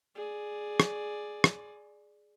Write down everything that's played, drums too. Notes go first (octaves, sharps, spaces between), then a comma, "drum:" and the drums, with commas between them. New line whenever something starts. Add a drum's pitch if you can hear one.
G#4 D5
drum: rim click
drum: rim click